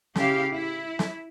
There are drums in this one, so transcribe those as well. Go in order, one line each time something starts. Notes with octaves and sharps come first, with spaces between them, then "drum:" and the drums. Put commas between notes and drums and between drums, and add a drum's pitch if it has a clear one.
C#3 E4 G4 F5, drum: snare
E4
drum: snare